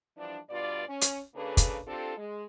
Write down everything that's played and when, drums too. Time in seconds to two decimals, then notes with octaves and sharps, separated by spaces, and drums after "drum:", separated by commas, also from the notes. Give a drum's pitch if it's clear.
0.18 E3 F3 G3 D4
0.50 G2 B2 F4 D5
0.88 C#4
1.01 drum: hi-hat
1.34 C#3 A#3 D4 G#4 A4 B4
1.57 drum: kick, hi-hat
1.86 C4 D4 F4 G4 A4
2.17 G#3